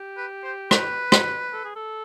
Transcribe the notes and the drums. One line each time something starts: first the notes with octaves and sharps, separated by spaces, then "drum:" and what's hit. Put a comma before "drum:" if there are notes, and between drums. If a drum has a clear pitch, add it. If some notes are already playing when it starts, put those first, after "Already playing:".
Already playing: G4
B4
C5
B4, drum: rim click
drum: rim click
A4
G#4
A4